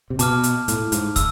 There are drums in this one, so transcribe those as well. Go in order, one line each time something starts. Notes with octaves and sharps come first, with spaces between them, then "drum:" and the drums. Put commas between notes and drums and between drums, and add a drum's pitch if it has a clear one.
C3
B2 A5 D6 F6, drum: hi-hat
drum: hi-hat
A2, drum: hi-hat
G#2, drum: hi-hat
E6, drum: kick, hi-hat